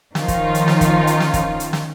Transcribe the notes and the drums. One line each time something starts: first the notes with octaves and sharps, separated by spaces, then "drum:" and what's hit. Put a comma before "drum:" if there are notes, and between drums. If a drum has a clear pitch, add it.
D#3 F3 C#4 D#4 F4, drum: snare
drum: kick, hi-hat
drum: hi-hat
drum: snare
drum: kick, hi-hat
drum: hi-hat
drum: snare
drum: kick, hi-hat
drum: hi-hat
drum: snare